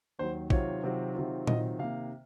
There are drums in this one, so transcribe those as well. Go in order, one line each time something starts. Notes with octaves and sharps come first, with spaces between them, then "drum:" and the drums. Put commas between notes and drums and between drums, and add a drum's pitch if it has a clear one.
D#2 D#3 F#3 C5
C3 D#3 F#3 C4 F4 C#5, drum: kick A#1
C3 D#3 F#3 C4 F4
C3 D#3 F#3 C4 F4
C3 D#3 F#3 C4 F4 D#5, drum: tom A#2
C3 D#3 A#3 F5